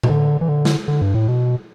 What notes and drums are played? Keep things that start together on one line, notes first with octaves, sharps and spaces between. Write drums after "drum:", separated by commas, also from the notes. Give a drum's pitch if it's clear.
B2, drum: tom A2
D3
E3
D3
drum: snare
D3
G2
A2
B2